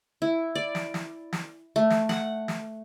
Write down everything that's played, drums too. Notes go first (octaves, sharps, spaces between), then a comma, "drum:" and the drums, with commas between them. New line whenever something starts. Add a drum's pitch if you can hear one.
E4
D5
drum: snare
drum: snare
drum: snare
A3
drum: snare
F#5, drum: snare
drum: snare